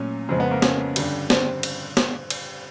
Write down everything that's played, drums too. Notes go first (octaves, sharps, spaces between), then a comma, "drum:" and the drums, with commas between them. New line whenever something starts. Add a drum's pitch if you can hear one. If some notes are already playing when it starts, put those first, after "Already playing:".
Already playing: A#2 F#3 A3 C#4
F2 C#3 F3 G#3 C4
B3
A#3
C#4, drum: snare
G2 D3 G3, drum: cymbal
C4, drum: snare
drum: cymbal
drum: snare
drum: cymbal